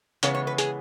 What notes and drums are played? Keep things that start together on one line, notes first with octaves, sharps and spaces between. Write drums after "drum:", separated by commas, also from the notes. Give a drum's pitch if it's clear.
C#3 E3 G#3 B3 C#5, drum: hi-hat
C#5
B4
G#4, drum: hi-hat